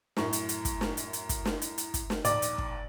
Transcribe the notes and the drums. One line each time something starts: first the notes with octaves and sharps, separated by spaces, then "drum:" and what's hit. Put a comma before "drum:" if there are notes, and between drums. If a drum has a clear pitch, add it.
F#2 A2 C#6, drum: snare
drum: hi-hat
drum: hi-hat
drum: kick, hi-hat
drum: snare
drum: hi-hat
drum: hi-hat
drum: kick, hi-hat
drum: snare
drum: hi-hat
drum: hi-hat
drum: kick, hi-hat
drum: snare
A#1 D#2 D5, drum: hi-hat
drum: hi-hat
drum: kick